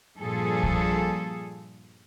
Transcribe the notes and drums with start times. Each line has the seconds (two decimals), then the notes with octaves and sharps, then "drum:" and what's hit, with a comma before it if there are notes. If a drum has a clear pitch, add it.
0.20 G2 A#2 F3 G#4 A4
0.63 drum: kick